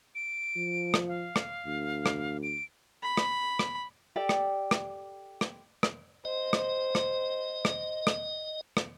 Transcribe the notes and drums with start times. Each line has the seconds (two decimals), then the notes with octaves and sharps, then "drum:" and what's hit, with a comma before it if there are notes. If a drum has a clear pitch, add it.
0.15 D7
0.56 F3
0.94 drum: rim click
1.08 F5
1.36 drum: rim click
1.67 D2
2.06 drum: rim click
2.43 D7
3.03 B5
3.17 drum: rim click
3.59 drum: rim click
4.16 G4 A4 D5 G5
4.29 drum: rim click
4.71 drum: rim click
5.41 drum: rim click
5.83 drum: rim click
6.25 C5 D#5
6.53 drum: rim click
6.95 drum: rim click
7.65 drum: rim click
8.07 drum: rim click
8.77 drum: rim click